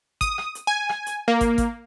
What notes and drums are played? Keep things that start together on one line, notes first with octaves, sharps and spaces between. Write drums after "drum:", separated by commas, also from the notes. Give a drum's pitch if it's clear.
D#6, drum: kick, hi-hat
drum: rim click
drum: hi-hat
G#5
drum: rim click
drum: hi-hat
A#3
drum: kick, hi-hat
drum: kick, hi-hat